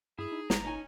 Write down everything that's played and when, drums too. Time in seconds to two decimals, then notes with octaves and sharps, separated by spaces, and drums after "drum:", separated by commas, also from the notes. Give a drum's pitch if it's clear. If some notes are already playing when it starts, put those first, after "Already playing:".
0.19 G2 E4 G#4
0.32 D#4
0.50 G#1 A#5, drum: snare
0.64 C#4 D#4 G#5